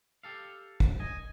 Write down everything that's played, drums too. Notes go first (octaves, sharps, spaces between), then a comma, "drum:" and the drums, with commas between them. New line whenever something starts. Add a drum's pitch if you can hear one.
G4 A4 F5
drum: kick
D#5 G#5